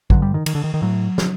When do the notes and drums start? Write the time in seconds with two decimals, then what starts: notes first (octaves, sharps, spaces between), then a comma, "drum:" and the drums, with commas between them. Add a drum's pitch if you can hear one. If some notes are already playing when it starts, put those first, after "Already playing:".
0.10 G2 D3 F#3, drum: kick A1
0.22 G3
0.34 D#3
0.46 D#3, drum: cymbal
0.55 D3
0.64 D#3
0.74 D#3
0.82 A2 F#3
1.18 drum: snare